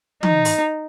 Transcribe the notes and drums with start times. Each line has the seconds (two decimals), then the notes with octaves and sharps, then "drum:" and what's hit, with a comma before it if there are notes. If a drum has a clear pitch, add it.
0.23 D#4, drum: tom E3
0.45 drum: open hi-hat